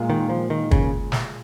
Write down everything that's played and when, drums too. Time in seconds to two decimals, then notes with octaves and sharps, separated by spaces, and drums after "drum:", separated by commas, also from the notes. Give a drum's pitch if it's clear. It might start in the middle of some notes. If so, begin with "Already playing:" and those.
Already playing: A#2 G#3 F4 A#4
0.10 D#3
0.30 F3
0.50 D#3
0.71 C#3, drum: kick
1.12 drum: snare